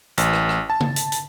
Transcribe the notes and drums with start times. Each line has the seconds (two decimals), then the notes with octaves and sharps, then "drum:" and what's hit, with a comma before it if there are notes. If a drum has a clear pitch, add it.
0.18 A1, drum: hi-hat
0.33 drum: rim click
0.49 drum: rim click
0.70 A5
0.80 drum: tom C#3
0.96 drum: hi-hat
1.12 drum: hi-hat